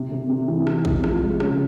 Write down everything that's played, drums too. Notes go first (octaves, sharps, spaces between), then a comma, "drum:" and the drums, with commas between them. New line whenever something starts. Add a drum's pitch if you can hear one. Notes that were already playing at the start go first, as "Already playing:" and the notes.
Already playing: C3
C3
C3
E3
E3, drum: rim click
C3, drum: kick
F3, drum: rim click
G#3
C#3, drum: rim click